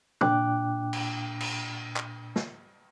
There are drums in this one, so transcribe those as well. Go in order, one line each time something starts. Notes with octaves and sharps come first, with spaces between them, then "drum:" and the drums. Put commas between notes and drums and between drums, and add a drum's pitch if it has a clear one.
A#2 D4 G5 D6 F#6, drum: tom
drum: cymbal
drum: cymbal
drum: clap
drum: snare